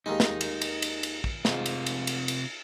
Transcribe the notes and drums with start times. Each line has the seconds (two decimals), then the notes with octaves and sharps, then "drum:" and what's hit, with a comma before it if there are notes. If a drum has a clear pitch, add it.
0.06 D#2 D#3 G#3 D#4
0.20 drum: snare
0.41 drum: cymbal
0.62 drum: cymbal
0.82 drum: cymbal
1.03 drum: cymbal
1.24 drum: kick
1.45 G#2 C3 F4, drum: snare
1.66 drum: cymbal
1.86 drum: cymbal
2.07 drum: cymbal
2.28 drum: cymbal